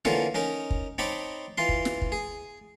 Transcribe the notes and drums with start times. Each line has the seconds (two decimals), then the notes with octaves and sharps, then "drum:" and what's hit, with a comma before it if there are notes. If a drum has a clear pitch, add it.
0.05 D3 E3 A#3 F4 C#5, drum: snare
0.34 C#4 D#4 A#4
0.70 drum: kick
0.98 C4 D#4 C#5 A5 B5 D6
1.58 E3 F4 C6
1.69 drum: kick
1.85 drum: snare
2.02 drum: kick
2.12 G#4